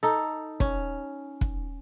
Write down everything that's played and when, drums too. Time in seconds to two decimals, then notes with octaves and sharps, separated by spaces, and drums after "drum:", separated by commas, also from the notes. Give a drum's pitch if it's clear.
0.03 D#4 A4
0.60 C#4, drum: kick
1.41 drum: kick